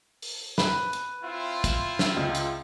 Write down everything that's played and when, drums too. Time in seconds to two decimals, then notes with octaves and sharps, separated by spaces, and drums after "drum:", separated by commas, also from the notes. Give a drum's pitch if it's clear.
0.22 drum: open hi-hat
0.58 B4, drum: snare
0.93 drum: hi-hat
1.23 C4 E4 F4
1.64 drum: kick, hi-hat
1.99 drum: snare
2.17 C#2
2.35 drum: hi-hat